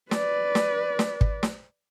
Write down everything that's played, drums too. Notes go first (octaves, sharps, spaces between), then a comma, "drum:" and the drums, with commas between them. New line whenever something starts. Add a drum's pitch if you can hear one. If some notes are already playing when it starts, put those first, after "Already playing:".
B4 D5, drum: snare
drum: snare
drum: snare
drum: kick
drum: snare